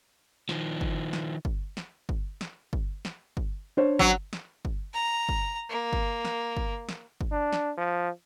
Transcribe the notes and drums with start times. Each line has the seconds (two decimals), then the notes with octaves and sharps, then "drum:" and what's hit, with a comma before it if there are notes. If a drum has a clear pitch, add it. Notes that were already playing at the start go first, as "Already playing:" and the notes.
0.49 D#3 F3, drum: snare
0.81 drum: kick G1
1.13 drum: snare
1.45 drum: kick G1
1.77 drum: snare
2.09 drum: kick G1
2.41 drum: snare
2.73 drum: kick G1
3.05 drum: snare
3.37 drum: kick G1
3.77 D4 C5 C#5
3.99 F#3, drum: kick G1
4.33 drum: snare
4.65 drum: kick G1
4.94 A#5
5.29 drum: kick G1
5.70 A#3
5.93 drum: kick G1
6.25 drum: snare
6.57 drum: kick G1
6.89 drum: snare
7.21 drum: kick G1
7.31 D4
7.53 drum: snare
7.77 F3